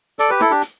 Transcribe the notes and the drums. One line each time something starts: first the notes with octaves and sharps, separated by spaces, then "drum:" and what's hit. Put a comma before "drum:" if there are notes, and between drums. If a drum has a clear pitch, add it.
A4 D5, drum: hi-hat
G4 B4
E4 A4, drum: snare
D4 G4
drum: hi-hat